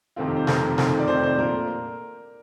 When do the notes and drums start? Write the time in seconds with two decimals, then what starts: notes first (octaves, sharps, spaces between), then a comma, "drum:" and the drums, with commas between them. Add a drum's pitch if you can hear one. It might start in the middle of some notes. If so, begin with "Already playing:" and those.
0.16 F2 C3 D#3 A3 C4 F4
0.27 G4
0.37 C5
0.47 F2 C3 D#3 A3 C4 A#4, drum: snare
0.78 F2 C3 D#3 A3 C4, drum: snare
0.99 D5
1.08 F2 C3 D#3 A3 C4 C5
1.23 C5
1.38 A#2 A3 D4 F4 A#4